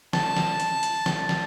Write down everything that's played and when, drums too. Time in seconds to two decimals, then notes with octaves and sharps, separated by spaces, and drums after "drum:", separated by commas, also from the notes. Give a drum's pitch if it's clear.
0.13 A5, drum: snare
0.37 drum: snare
0.60 drum: hi-hat
0.83 drum: hi-hat
1.06 drum: snare
1.29 drum: snare